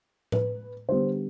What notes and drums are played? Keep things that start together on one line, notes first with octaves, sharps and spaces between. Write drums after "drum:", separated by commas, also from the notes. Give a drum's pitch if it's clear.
B4, drum: tom A2
D3 G3 B3 C5